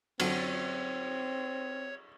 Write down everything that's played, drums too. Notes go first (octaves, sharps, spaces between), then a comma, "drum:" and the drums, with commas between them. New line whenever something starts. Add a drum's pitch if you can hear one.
F#2 D3 C4 C#5, drum: cymbal